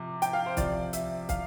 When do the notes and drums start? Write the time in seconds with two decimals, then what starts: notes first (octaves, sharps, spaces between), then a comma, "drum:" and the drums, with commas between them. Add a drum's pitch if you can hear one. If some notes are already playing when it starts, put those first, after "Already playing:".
Already playing: C3 F3 D6
0.22 G5, drum: hi-hat
0.33 F5
0.46 C5
0.57 C3 F3 D5, drum: kick, hi-hat
0.93 E5, drum: hi-hat
1.29 F5, drum: kick, hi-hat